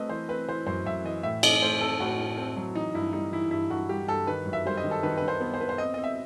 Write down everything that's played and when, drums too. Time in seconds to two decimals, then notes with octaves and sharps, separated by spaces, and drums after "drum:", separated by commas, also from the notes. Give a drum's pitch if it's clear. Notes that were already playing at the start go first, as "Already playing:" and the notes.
Already playing: A3 C4 B4 D#5
0.09 E3 C5
0.29 C4 B4
0.49 E3 C5
0.66 F#2 C5
0.85 F#2 E5
1.04 E3 D#5
1.23 A2 E5
1.43 C4 D#5, drum: cymbal
1.62 A3 C5
1.81 C4 A4
2.00 A2 F#4
2.19 A2
2.37 C4
2.56 F#3
2.75 E3 D#4
2.95 G2 E4
3.13 G3 D#4
3.32 E3 E4
3.51 G2 E4
3.70 G2 F#4
3.89 G3 G4
4.08 G2 A4
4.27 D#3 B4
4.46 F#2
4.53 E5
4.66 G3 C5
4.77 D#5
4.84 D#3
4.91 A4
5.03 D#3 B4
5.17 D#3 B4
5.28 C5
5.41 B3
5.54 C5
5.61 B3 B4
5.69 C5
5.78 C4 D#5
5.94 C4 D#5
6.04 E5